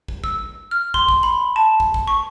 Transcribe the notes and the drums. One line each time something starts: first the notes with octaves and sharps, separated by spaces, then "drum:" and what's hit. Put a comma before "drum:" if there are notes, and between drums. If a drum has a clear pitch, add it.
drum: kick
E6, drum: kick
F6
C6, drum: kick
drum: kick
B5
A5
drum: kick
drum: kick
C#6